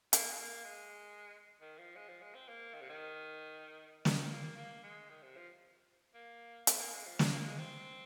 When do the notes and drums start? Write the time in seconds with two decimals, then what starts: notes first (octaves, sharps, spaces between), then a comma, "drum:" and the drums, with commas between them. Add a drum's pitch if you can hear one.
0.13 A#3, drum: hi-hat
0.31 G#3
0.38 A#3
0.65 G#3
1.61 D#3
1.78 F3
1.96 G#3
2.09 F3
2.22 G#3
2.35 C4
2.48 A#3
2.74 D#3
2.81 C3
2.89 D#3
4.05 D#3, drum: snare
4.31 A#3
4.57 A#3
4.83 G#3
5.10 D#3
5.23 C3
5.36 F3
6.14 A#3
6.67 C4, drum: hi-hat
6.80 A#3
6.93 G#3
7.06 F3
7.19 G#3, drum: snare
7.32 A#3
7.45 G#3
7.59 C4